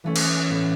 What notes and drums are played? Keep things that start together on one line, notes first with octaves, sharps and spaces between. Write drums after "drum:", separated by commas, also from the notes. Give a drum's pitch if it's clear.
E3 A3 C#4
drum: cymbal
A2 B3